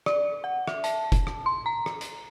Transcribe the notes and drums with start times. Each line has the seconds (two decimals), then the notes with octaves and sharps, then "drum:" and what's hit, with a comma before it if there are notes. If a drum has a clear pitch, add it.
0.06 D5, drum: rim click
0.44 F#5
0.68 E5, drum: rim click
0.84 A5, drum: hi-hat
1.12 drum: kick F1, hi-hat
1.27 drum: rim click
1.46 C6
1.66 A#5
1.86 drum: rim click
2.01 drum: hi-hat